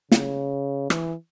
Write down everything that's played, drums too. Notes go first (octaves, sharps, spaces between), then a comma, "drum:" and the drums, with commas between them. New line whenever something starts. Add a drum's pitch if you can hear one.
C#3, drum: snare
E3, drum: rim click